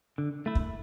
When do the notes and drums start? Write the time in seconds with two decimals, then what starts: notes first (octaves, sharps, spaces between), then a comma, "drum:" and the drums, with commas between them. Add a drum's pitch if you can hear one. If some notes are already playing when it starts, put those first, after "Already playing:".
0.18 D3
0.46 A3 E4
0.55 drum: kick